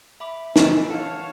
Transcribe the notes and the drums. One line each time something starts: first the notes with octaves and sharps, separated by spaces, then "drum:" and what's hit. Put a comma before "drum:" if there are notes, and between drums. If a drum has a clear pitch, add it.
E5 B5 D6
E3 E4 A4, drum: snare
C#5 F5 F#5 A5